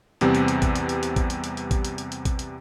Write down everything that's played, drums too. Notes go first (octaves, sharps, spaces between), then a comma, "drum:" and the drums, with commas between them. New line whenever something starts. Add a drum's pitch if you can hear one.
E2 C3 G3 B3 C4, drum: hi-hat
drum: hi-hat
drum: hi-hat
drum: kick A1, hi-hat
drum: hi-hat
drum: hi-hat
drum: hi-hat
drum: kick A1, hi-hat
drum: hi-hat
drum: hi-hat
drum: hi-hat
drum: kick A1, hi-hat
drum: hi-hat
drum: hi-hat
drum: hi-hat
drum: kick A1, hi-hat
drum: hi-hat